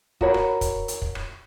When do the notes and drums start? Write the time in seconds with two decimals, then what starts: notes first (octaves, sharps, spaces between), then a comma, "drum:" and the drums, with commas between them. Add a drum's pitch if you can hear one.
0.21 F#4 A#4 C#5 B5, drum: kick
0.34 drum: rim click
0.61 drum: kick, hi-hat
0.88 drum: hi-hat
1.02 drum: kick
1.15 drum: rim click